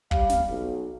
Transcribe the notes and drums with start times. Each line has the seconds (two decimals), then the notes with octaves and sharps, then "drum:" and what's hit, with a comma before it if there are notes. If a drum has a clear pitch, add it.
0.11 G3 F5, drum: kick
0.29 drum: snare
0.50 B1